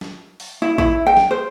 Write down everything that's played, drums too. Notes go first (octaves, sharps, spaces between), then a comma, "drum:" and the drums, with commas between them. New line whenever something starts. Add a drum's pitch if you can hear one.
drum: snare
drum: open hi-hat
E4
E4, drum: kick A1
G5
drum: snare
C5